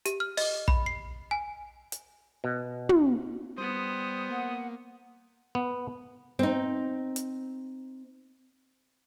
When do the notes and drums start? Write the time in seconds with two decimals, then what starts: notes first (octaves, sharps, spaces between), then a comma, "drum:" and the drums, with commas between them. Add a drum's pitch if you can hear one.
0.05 G4, drum: hi-hat
0.20 F6
0.37 D#5, drum: open hi-hat
0.68 B5, drum: kick
0.86 C7
1.31 G#5
1.92 drum: hi-hat
2.44 B2
2.89 drum: tom
3.58 G3 B3 C5 D#6
4.30 A#3 F#5
5.55 B3
6.39 C4 D#4
7.16 drum: hi-hat